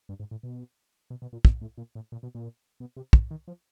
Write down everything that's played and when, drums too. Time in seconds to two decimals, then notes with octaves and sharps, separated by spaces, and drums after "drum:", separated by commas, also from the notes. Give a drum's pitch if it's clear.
0.09 G2
0.20 G#2
0.31 A2
0.43 B2
1.10 B2
1.22 B2
1.33 A#2
1.45 B2, drum: kick
1.61 A2
1.78 A#2
1.95 A2
2.12 A#2
2.23 B2
2.35 A#2
2.80 B2
2.97 C3
3.13 C#3, drum: kick
3.31 D#3
3.48 F3